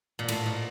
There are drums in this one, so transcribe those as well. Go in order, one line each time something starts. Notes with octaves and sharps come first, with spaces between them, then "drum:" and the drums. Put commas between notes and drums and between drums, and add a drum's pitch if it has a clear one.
A#2
A2, drum: cymbal
A#2